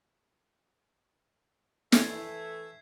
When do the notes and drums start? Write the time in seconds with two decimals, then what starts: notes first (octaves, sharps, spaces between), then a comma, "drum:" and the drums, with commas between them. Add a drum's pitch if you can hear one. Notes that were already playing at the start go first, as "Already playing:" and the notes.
1.92 E3 G3 A3 D4 C5 E5 G#6 C7, drum: snare